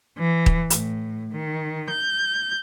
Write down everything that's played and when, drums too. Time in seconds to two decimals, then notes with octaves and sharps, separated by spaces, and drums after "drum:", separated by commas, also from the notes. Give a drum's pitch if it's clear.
0.17 E3
0.46 drum: kick
0.70 A2, drum: hi-hat
1.32 D#3
1.90 G6